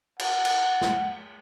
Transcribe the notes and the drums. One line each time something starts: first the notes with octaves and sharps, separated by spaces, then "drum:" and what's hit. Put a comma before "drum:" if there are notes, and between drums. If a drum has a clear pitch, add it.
F#5, drum: cymbal
drum: cymbal
drum: snare